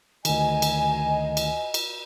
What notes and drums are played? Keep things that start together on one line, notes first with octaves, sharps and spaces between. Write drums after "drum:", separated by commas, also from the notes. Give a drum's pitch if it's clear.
D2 D#3 D#5 G#5, drum: cymbal
drum: cymbal
drum: cymbal
drum: cymbal